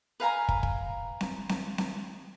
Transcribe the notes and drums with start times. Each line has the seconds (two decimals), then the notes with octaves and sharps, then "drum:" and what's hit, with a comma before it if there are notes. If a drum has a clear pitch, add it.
0.20 B4 F5 G#5 A#5
0.49 drum: kick
0.63 drum: kick
1.21 drum: snare C4
1.49 drum: snare C4
1.78 drum: snare C4